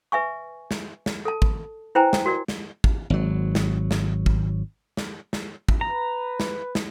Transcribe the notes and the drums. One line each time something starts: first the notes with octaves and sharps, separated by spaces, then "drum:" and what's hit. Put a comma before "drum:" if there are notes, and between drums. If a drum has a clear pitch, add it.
B4 E5 G#5 C#6
drum: snare
drum: snare
A4 A5
drum: kick
E4 B4 C5 G5 G#5 A#5
drum: snare
F#4 A#4 D5
drum: snare
drum: kick
G#1 F#3
drum: snare
drum: snare
drum: kick
drum: snare
drum: snare
drum: kick
B4 A#5
drum: snare
drum: snare